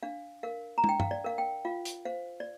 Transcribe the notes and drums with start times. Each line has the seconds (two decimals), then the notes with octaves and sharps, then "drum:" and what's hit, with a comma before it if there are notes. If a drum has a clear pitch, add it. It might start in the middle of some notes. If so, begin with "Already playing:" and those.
0.03 D4 F5
0.43 A#4 F5
0.78 A#5
0.84 D4, drum: tom
0.89 G5
1.00 F5, drum: tom G2
1.11 D5
1.24 A#4 F5
1.38 G5
1.65 F4 F5
1.85 drum: hi-hat
2.05 C5 F5
2.40 D5